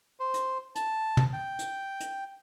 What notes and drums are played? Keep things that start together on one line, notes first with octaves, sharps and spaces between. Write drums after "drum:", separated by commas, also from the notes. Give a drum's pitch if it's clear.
C5
drum: hi-hat
A5, drum: hi-hat
drum: tom
G5
drum: hi-hat
drum: hi-hat